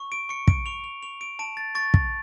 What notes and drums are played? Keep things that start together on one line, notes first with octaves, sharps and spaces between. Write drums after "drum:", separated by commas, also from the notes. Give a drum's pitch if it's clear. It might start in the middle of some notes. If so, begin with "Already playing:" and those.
Already playing: C#6
D7
C#6 C#7
D7, drum: kick
C#6 F7
F7
C#6 F7
D7
A5 D7
A6
C#6 A6
drum: kick